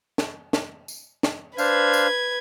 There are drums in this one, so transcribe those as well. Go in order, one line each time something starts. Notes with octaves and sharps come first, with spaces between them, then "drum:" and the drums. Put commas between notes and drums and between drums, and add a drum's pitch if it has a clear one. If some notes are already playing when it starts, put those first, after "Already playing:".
drum: snare
drum: snare
drum: tambourine
drum: snare
D4 B4 C5 F5 G#6, drum: tambourine
drum: tambourine